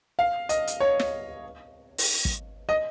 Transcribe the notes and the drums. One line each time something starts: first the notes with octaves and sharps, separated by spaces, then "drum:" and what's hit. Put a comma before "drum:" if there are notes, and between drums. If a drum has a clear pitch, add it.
F5
D#5, drum: hi-hat
drum: hi-hat
C#5
drum: snare
drum: open hi-hat
drum: kick
D#5